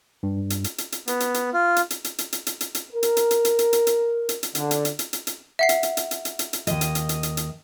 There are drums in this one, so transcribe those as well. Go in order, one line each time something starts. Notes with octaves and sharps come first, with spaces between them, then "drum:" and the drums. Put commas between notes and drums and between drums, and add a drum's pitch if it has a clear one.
G2
drum: hi-hat
drum: hi-hat
drum: hi-hat
drum: hi-hat
B3, drum: hi-hat
drum: hi-hat
drum: hi-hat
F4
drum: hi-hat
drum: hi-hat
drum: hi-hat
drum: hi-hat
drum: hi-hat
drum: hi-hat
drum: hi-hat
drum: hi-hat
A#4
drum: hi-hat
drum: hi-hat
drum: hi-hat
drum: hi-hat
drum: hi-hat
drum: hi-hat
drum: hi-hat
drum: hi-hat
drum: hi-hat
D3, drum: hi-hat
drum: hi-hat
drum: hi-hat
drum: hi-hat
drum: hi-hat
drum: hi-hat
E5 F#5 C7
drum: hi-hat
drum: hi-hat
drum: hi-hat
drum: hi-hat
drum: hi-hat
drum: hi-hat
drum: hi-hat
D#2 D#5, drum: hi-hat
drum: hi-hat
drum: hi-hat
drum: hi-hat
drum: hi-hat
drum: hi-hat